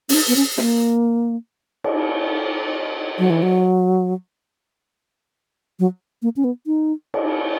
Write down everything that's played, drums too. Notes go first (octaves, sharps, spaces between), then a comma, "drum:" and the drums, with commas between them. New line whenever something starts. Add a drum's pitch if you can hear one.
C#4, drum: open hi-hat
D#4
B3
C#4
A#3, drum: snare
drum: cymbal
F#3
E3
F#3
F#3
A#3
C#4
B3
D#4
drum: cymbal